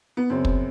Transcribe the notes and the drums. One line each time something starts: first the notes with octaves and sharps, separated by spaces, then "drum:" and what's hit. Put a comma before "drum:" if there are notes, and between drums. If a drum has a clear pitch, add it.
B3
F#2 C#3 F#3 B3 C4
drum: kick